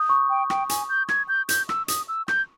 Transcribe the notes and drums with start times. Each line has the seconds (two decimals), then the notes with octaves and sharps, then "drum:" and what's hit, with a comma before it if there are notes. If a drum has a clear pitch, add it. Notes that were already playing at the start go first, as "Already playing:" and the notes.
Already playing: D#6 G6
0.09 C#6
0.30 G5
0.50 G5, drum: rim click
0.69 G#5, drum: hi-hat
0.89 G6
1.09 G#6, drum: rim click
1.28 G6
1.49 G6, drum: hi-hat
1.69 E6, drum: rim click
1.88 D#6, drum: hi-hat
2.08 E6
2.28 G6, drum: rim click